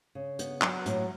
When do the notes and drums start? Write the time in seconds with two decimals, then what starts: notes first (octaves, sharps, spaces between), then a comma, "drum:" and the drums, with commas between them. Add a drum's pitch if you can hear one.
0.15 C#3
0.39 B3, drum: hi-hat
0.62 F#3, drum: clap
0.86 A2, drum: hi-hat